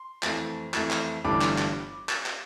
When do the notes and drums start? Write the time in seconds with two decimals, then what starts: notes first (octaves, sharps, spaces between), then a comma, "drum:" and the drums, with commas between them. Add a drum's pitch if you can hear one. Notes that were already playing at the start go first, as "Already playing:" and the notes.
Already playing: C6
0.23 F2 E3 A3, drum: clap
0.74 F2 E3 A3, drum: clap
0.91 drum: clap
1.24 G1 G2 E3 A3 D4 B5 D6
1.41 drum: clap
1.58 drum: clap
2.09 drum: clap
2.26 drum: clap